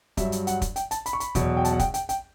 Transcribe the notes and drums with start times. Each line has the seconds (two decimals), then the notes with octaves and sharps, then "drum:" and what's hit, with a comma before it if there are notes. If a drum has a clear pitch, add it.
0.17 G2 F#3 E5, drum: kick, hi-hat
0.32 drum: hi-hat
0.47 F#5, drum: hi-hat
0.62 drum: kick, hi-hat
0.76 G5, drum: hi-hat
0.91 A5, drum: hi-hat
1.06 B5, drum: hi-hat
1.13 C#6
1.20 B5, drum: hi-hat
1.35 E2 B2 F#3, drum: kick, hi-hat
1.57 G5
1.65 A5, drum: hi-hat
1.72 F#5
1.79 G5, drum: kick, hi-hat
1.94 G5, drum: hi-hat
2.09 G5, drum: hi-hat